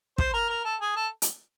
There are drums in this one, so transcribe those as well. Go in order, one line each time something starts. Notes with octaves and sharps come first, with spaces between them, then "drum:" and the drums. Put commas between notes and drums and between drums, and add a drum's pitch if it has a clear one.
C5, drum: kick
A#4
A#4
A4
G#4
A4
drum: hi-hat